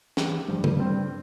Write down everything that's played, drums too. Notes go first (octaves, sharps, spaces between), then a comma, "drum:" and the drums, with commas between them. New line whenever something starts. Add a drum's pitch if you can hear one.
E3 G4, drum: snare
G2 F3
drum: tom C#3
G3 C4